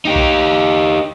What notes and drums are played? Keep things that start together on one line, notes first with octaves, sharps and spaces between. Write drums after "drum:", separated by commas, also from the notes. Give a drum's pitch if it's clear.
D#4 G4
drum: kick B1